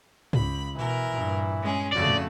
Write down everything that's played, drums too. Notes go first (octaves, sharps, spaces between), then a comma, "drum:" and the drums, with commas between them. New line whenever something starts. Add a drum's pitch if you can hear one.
C#2 B5, drum: tom
B2 E3 A#4
G2 A#2
G#3 C#4 G#4
F2 C#3 A3 F#4 D5
drum: tom